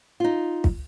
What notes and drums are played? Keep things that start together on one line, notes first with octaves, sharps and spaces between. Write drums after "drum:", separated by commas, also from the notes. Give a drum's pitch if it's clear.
D#4 F4
drum: kick